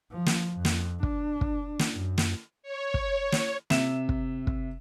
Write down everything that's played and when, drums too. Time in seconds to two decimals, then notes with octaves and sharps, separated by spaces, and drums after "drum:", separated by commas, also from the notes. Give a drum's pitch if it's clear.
0.11 F3
0.26 drum: snare
0.55 F2
0.65 drum: snare
1.03 D4, drum: kick
1.41 drum: kick
1.79 drum: snare
1.89 F#2
2.18 drum: snare
2.63 C#5
2.94 drum: kick
3.32 drum: snare
3.70 C3 E5 E7, drum: snare
4.09 drum: kick
4.47 drum: kick